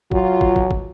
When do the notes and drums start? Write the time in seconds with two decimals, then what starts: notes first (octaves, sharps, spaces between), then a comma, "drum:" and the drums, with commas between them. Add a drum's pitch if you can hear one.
0.11 F#3 F4, drum: kick
0.41 drum: kick
0.56 drum: kick
0.71 drum: kick